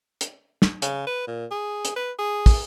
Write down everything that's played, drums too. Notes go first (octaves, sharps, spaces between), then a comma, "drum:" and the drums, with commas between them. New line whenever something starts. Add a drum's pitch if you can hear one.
drum: hi-hat
drum: snare
C#3, drum: hi-hat
B4
A#2
G#4
drum: hi-hat
B4
G#4
drum: kick, open hi-hat